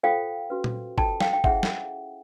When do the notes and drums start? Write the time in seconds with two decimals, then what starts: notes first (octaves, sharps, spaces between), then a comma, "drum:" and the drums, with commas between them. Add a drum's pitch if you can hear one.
0.03 F4 A4 C5 F5 G5
0.50 C#4 F#4 B4
0.64 drum: tom A#2
0.98 F4 A4 C5 G5 A5, drum: kick
1.20 F5 G5, drum: snare
1.33 G5
1.44 C#4 E4 G#4 C5 E5 F#5, drum: kick
1.63 drum: snare